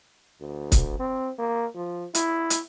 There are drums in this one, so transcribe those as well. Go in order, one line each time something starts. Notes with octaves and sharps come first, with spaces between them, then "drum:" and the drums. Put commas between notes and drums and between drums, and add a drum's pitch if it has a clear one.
D2
drum: kick C#1, hi-hat
C4
A#3
F3
E4, drum: hi-hat
drum: hi-hat